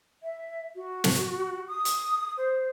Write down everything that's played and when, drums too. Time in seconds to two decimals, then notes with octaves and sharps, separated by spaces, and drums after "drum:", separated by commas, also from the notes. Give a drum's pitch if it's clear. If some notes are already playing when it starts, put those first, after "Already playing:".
0.23 E5
0.76 F#4
1.04 drum: snare
1.68 D#6
1.85 drum: hi-hat
2.38 C5